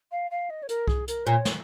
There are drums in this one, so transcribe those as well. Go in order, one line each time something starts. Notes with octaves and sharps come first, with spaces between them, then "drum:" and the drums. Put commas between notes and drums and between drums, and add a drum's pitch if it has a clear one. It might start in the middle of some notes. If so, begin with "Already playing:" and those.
F5
F5
D#5
C#5
A#4, drum: hi-hat
G#4, drum: kick C2
A#4, drum: hi-hat
A#2 C#5
drum: snare